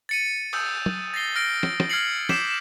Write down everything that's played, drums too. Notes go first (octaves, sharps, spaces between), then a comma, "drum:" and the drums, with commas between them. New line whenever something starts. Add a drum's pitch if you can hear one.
A6 C#7 D#7
D#6 E6 G6 C#7, drum: cymbal
drum: tom
A6 A#6 C7 G7
F6 A#6 D7
drum: snare
drum: snare
F6 G#6 A#6 C7 C#7 F#7
D6 G6 B6 C7 E7, drum: snare